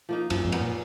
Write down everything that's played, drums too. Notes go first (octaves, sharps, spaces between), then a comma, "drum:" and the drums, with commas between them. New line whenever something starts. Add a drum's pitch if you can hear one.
F3 A#3 D#4
F#2 F3, drum: cymbal
F2 G#2
B3 D#4 A#4, drum: cymbal
A#2